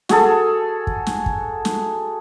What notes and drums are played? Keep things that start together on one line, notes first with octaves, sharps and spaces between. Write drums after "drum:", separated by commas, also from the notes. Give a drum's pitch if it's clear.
F#4 G#4 A4, drum: snare
drum: kick
drum: snare
drum: kick
drum: snare